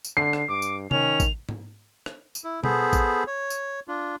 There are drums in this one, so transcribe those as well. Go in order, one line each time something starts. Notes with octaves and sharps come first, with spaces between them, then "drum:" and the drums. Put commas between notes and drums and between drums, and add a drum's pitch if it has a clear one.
drum: tambourine
D3 C7
drum: rim click
G2 D6
drum: tambourine
D#3 C#4 F7, drum: tom C3
drum: kick A1, tambourine
drum: tom G#2
drum: rim click
drum: tambourine
E4
B3 G#4 A4 C5 B5, drum: tom B2
drum: kick A1, tambourine
C#5
drum: tambourine
D4 F4